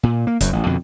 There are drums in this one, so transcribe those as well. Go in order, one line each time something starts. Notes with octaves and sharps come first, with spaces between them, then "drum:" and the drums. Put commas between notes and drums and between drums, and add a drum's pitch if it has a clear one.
A#2
A#3
F#1 F#2, drum: kick, hi-hat
A1
F2 B2 D3